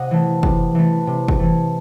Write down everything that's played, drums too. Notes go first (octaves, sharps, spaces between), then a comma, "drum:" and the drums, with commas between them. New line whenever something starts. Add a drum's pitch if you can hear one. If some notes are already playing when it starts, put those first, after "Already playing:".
Already playing: C3 D#5 F#5
E3 A3
C3, drum: kick
E3 A3
C3
drum: kick
E3 A3